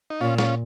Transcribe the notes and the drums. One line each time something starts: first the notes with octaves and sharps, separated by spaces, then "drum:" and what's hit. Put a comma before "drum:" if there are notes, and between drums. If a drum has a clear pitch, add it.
D#4
A#2 C#4 F4
C#4 F4, drum: snare